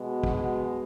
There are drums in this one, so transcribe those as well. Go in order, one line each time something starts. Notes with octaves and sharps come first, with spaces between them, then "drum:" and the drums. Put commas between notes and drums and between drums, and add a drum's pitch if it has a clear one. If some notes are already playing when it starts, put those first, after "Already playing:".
Already playing: B2 G#3
F#4, drum: kick